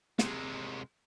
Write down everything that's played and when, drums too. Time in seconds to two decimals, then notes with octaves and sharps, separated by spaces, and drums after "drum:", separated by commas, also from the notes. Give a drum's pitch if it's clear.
0.19 C3 G#3, drum: snare